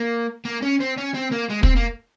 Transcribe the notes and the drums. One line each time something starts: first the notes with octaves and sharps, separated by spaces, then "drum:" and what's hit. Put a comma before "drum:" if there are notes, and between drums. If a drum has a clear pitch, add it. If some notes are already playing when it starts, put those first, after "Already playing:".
Already playing: A#3
A#3
C#4
C4
C#4
C4
A#3
G#3
C4, drum: kick
A#3